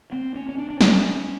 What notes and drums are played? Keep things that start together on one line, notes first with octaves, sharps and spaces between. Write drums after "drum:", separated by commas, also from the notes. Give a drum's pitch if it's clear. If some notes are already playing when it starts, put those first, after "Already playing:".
C4
C#4
C#4
D4
D4
C#4, drum: snare